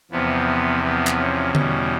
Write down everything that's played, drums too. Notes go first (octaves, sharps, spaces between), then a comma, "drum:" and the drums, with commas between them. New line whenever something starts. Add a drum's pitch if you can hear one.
E2 C3 F3 B3
B3
drum: clap
C#4
E2 B2 G3, drum: tom D3